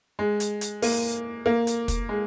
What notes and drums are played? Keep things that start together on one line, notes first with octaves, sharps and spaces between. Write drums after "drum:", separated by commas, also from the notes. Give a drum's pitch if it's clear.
G#3
drum: hi-hat
drum: hi-hat
A#3, drum: open hi-hat
A#3
drum: hi-hat
drum: kick, hi-hat
G#3